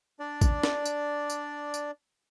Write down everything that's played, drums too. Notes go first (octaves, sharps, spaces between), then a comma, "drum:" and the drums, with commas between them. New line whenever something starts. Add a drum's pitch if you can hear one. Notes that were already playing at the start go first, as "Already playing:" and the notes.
D4 D5
drum: kick, tambourine
drum: snare
drum: tambourine
drum: tambourine
drum: tambourine